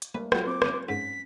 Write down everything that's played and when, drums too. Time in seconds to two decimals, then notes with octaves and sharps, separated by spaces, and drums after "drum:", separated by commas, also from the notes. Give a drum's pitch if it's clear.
0.02 drum: hi-hat
0.15 G3 A3 A#3 B4
0.32 F#3 A3 F4 F#4 G5, drum: rim click
0.47 C4 D6
0.62 C#4 D4 C5, drum: rim click
0.89 G#2 C#4 B6